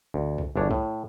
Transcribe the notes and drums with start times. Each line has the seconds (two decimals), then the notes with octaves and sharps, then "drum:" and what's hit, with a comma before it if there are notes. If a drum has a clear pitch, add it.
0.14 D2
0.38 drum: kick B1
0.56 G1 E2 D4 C#5
0.71 A2, drum: kick B1